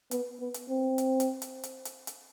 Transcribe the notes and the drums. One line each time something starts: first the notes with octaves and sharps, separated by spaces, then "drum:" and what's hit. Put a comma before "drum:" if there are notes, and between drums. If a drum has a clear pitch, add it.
B3, drum: hi-hat
B3
drum: hi-hat
C4
drum: hi-hat
drum: hi-hat
drum: hi-hat
drum: hi-hat
drum: hi-hat
drum: hi-hat